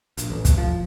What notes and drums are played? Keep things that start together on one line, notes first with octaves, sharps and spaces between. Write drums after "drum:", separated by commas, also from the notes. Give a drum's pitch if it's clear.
A#1, drum: hi-hat
A1
drum: kick, hi-hat
F3